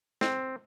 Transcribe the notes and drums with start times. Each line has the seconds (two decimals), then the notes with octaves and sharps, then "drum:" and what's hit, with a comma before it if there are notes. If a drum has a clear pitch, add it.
0.21 C4, drum: snare